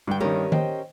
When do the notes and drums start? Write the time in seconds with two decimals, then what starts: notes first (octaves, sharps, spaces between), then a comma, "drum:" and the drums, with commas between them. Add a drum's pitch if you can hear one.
0.07 G2 D3 G5
0.20 G2 D#3 C#4 G4 A#4
0.52 C5 D#5 G5, drum: tom D#3